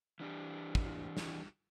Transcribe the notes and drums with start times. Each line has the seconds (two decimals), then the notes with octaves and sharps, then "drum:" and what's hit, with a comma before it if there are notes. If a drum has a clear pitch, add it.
0.20 E3 D4 G4
0.75 drum: kick
1.17 drum: snare